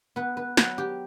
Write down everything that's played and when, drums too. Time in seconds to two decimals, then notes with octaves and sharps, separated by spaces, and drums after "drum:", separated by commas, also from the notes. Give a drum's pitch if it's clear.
0.16 B3 B4
0.37 B4
0.57 F#3 B4, drum: snare
0.78 G4